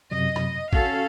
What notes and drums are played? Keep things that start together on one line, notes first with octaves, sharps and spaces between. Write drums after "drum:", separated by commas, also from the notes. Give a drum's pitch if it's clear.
F#2 C3 F#3 D#5
drum: rim click
C#4 F#4 A4 F5, drum: kick